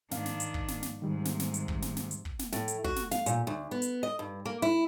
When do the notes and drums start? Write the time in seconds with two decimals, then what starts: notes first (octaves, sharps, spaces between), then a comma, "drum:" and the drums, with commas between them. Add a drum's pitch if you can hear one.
0.11 G#2 D#3 D4 F5, drum: snare
0.26 drum: snare
0.40 drum: hi-hat
0.54 drum: kick
0.68 drum: snare
0.83 drum: snare
1.02 G#2 C3 D#3 G3
1.25 drum: snare
1.40 drum: snare
1.54 drum: hi-hat
1.68 drum: kick
1.82 drum: snare
1.97 drum: snare
2.11 drum: hi-hat
2.25 drum: kick
2.39 drum: snare
2.52 A2, drum: snare
2.68 drum: hi-hat
2.84 F#4, drum: kick
2.96 drum: snare
3.11 F5, drum: snare
3.26 A#2, drum: hi-hat
3.47 D2
3.71 B3
3.82 drum: hi-hat
4.03 D#5
4.19 G2
4.45 A#3
4.62 E4